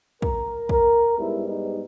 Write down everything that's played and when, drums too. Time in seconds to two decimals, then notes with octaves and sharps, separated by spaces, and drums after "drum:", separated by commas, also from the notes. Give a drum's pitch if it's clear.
0.22 A#4, drum: kick
0.69 A#4, drum: kick
1.17 G#2 G3 B3 E4
1.48 D#4